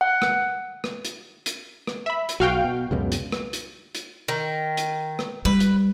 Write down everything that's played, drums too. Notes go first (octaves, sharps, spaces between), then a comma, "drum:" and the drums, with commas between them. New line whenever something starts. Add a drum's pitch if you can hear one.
F#5
drum: rim click
drum: rim click
drum: hi-hat
drum: hi-hat
drum: rim click
E5 B5
drum: hi-hat
B1 F#4 F5 G5
B2
C#2 F#2 B2
drum: hi-hat
drum: rim click
drum: hi-hat
drum: hi-hat
D#3
drum: hi-hat
drum: rim click
G3 B4
drum: hi-hat